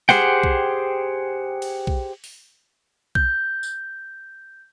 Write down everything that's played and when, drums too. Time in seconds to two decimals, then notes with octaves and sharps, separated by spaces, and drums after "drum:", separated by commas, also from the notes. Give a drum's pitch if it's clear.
0.09 G4 G#4 C5 F#5 G5, drum: snare
0.44 drum: kick B1
1.62 drum: cymbal
1.87 drum: kick B1
2.24 drum: open hi-hat
3.15 G6, drum: kick B1
3.63 drum: tambourine